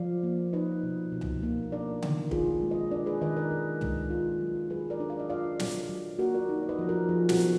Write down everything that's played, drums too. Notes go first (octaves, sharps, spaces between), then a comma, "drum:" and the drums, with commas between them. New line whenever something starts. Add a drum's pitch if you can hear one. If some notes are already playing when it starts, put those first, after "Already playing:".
Already playing: F3 D5 F5
A#3
D#4 B4 D#5
B2
B2
drum: tom
A#3
D4 A#4 D5
D#3, drum: tom C#3
F4 G#4 B4, drum: kick
G#3
B4 D#5
D4 A#4 D5
G#4 B4
D#3 B4 D#5
A#4 D5
D#3
G#3, drum: tom
F4
F#3
F#3 G#4 B4
A#4 D5
D4
D5 F5
D#5
F4 D5 F5
F#3, drum: snare
F#3
A#3 F#4 A#4
A#4 D5
D#4
D5
B4 D#5
F3
F#4 A#4
F3 F4 G#4
F#4, drum: snare
B3